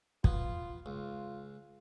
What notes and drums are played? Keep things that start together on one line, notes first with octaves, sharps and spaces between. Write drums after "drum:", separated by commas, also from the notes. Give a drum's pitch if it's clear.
B3 F4, drum: kick
C#2 F4